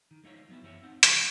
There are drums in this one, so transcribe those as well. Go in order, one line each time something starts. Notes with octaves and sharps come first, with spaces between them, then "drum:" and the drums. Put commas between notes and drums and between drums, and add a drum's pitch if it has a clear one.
D#3
G#3 D#4 F4 C#5
F#3 B3 E4
F#2 E3 G4 C5 C#5 E5
C4 D#4 F#5
C2 E3 F4, drum: hi-hat